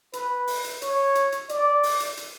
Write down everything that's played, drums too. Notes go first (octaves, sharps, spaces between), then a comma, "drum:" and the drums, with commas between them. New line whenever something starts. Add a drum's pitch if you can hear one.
B4, drum: hi-hat
drum: open hi-hat
drum: hi-hat
C#5, drum: hi-hat
drum: hi-hat
drum: hi-hat
D5, drum: hi-hat
drum: open hi-hat
drum: hi-hat
drum: hi-hat